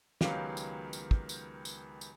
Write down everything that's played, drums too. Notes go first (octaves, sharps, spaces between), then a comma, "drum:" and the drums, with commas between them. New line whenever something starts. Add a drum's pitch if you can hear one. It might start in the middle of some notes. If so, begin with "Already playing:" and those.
C#2 D#3 F#3 B3 G4 F5, drum: snare
drum: tambourine
drum: tambourine
drum: kick
drum: tambourine
drum: tambourine
drum: tambourine